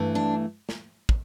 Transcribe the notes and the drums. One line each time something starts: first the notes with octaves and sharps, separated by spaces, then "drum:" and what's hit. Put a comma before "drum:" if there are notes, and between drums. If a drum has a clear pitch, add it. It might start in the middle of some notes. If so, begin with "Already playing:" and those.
Already playing: G2 E3 A3
D4
drum: snare
drum: kick